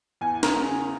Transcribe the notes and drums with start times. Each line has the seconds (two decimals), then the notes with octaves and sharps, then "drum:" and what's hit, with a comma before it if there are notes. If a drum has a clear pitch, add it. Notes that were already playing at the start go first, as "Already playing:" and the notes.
0.21 E2 G#5
0.43 C#3 A#5, drum: snare